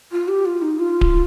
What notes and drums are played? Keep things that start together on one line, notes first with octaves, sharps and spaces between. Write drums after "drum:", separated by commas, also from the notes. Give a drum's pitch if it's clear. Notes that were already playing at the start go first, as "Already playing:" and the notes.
F4
G4
F4
D#4
F4
drum: kick D1